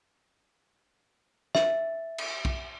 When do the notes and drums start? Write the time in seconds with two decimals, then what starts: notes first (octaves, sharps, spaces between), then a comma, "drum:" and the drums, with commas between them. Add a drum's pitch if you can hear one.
1.55 E5, drum: snare
2.18 drum: cymbal
2.45 drum: kick